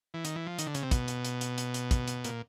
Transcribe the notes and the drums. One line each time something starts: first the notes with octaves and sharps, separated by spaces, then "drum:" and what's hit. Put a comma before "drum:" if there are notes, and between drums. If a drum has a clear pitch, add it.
E3
D#3, drum: hi-hat
E3
F3
D#3, drum: hi-hat
D3
C#3, drum: hi-hat
C3
B2, drum: kick, hi-hat
drum: hi-hat
drum: hi-hat
drum: hi-hat
drum: hi-hat
drum: hi-hat
drum: kick, hi-hat
drum: hi-hat
A#2, drum: hi-hat